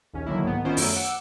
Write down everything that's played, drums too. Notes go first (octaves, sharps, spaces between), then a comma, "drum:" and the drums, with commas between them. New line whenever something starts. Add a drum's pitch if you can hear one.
A#1 D#2 C#4
D3 D#3 F#3 A#3 E4
C2 G#2 D#3 B3
D#3 B3 C#4 E4 F4 C5
F#2 F3 F#3 A3 E6 D#7, drum: open hi-hat
F#5 D6 E6